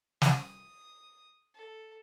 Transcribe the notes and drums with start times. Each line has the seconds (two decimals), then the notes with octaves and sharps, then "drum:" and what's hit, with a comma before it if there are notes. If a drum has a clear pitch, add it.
0.22 D#6, drum: snare
1.54 A4